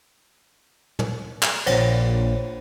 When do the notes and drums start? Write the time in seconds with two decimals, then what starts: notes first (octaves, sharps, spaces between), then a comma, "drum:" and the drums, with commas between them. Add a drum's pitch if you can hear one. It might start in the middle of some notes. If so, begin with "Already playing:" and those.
0.99 drum: tom
1.43 drum: clap
1.66 A#1 A#2 C5 C#5, drum: cymbal